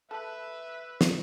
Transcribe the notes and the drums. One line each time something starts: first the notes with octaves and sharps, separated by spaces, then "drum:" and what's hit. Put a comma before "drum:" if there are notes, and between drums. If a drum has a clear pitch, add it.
A4 B4 E5
drum: snare